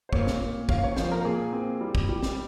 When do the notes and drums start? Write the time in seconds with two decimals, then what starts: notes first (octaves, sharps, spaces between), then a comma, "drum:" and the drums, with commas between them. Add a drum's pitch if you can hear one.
0.09 C5
0.13 A#2 C#5, drum: kick
0.27 drum: snare
0.42 A#2
0.69 C#4 F5, drum: kick
0.84 C#5
0.97 F3 C5, drum: snare
1.11 A#4
1.25 A#2 G#4
1.53 C4
1.81 G3
1.95 drum: kick
2.09 G3
2.23 drum: snare